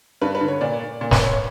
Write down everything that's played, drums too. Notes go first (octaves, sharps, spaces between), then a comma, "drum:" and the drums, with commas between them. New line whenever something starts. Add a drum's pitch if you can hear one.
G2 B4
B4
D3
C#5
A#2 D5
A#2
B4, drum: snare
C#5
C#5